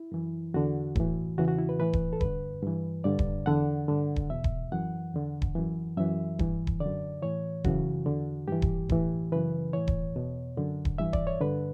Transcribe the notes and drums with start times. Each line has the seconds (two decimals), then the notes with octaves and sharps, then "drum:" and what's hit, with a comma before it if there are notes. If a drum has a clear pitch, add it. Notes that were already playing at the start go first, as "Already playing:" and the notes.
Already playing: E4
0.12 F#2 E3
0.54 E2 D3 F#4
0.96 A2 E3, drum: kick D#1
1.38 E2 C#3 E3 F#4
1.48 F#4
1.59 E4
1.69 B4
1.79 A2 E3 B4
1.93 drum: kick D#1
2.13 A4
2.21 G2 D3 B4, drum: kick D#1
2.63 G2 E3
3.04 G2 D3 D5
3.19 drum: kick D#1
3.46 E2 D3 F#5
3.88 G2 D3
4.16 drum: kick D#1
4.30 E2 B2 E5
4.44 drum: kick D#1
4.72 F#2 E3 F#5
5.14 E2 D3
5.42 drum: kick D#1
5.55 F#2 E3
5.97 F#2 E3 E5
6.39 G2 E3, drum: kick D#1
6.67 drum: kick D#1
6.80 D3 D5
6.86 F#2
7.22 A2 E3 C#5
7.64 F#2 C#3 E3 F#4, drum: kick D#1
8.06 E2 D3
8.48 G2 E3 G4
8.62 drum: kick D#1
8.89 A2 E3, drum: kick D#1
9.32 F#2 C#3 E3 B4
9.73 A2 E3 C#5
9.88 drum: kick D#1
10.15 E2 B2
10.57 F#2 D3
10.85 drum: kick D#1
10.98 G2 E3 E5
11.13 D5, drum: kick D#1
11.27 C#5
11.41 G2 D3 B4